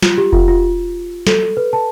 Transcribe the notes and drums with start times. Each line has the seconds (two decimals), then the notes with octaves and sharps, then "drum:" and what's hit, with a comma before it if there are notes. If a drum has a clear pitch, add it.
0.02 F4, drum: snare
0.17 G4
0.33 F4, drum: kick F1
0.48 F4
1.27 A4, drum: snare
1.57 B4
1.73 A5